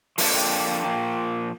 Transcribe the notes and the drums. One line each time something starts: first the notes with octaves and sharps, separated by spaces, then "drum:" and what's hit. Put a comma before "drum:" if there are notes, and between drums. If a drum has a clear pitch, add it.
F3 A#3 D4 A4 A5, drum: open hi-hat
G5
G5
F5
F5
A#2 F3 A#3 G5